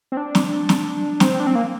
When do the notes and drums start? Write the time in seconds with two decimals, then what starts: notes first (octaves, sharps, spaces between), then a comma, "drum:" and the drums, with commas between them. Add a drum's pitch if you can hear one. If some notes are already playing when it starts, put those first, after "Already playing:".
0.12 C4
0.17 D4
0.35 drum: snare
0.69 drum: snare
1.20 C4, drum: snare
1.40 D4
1.47 C4
1.55 A#3